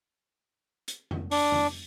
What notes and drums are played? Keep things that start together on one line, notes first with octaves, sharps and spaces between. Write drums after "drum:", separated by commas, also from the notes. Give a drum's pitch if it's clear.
drum: hi-hat
drum: tom F2
D4, drum: open hi-hat
drum: tom F2